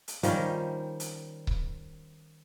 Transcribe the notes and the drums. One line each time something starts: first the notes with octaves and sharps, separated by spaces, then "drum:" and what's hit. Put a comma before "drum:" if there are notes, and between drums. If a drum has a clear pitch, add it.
drum: hi-hat
D#3 F3 G3 C#4, drum: hi-hat
drum: hi-hat
drum: kick C#1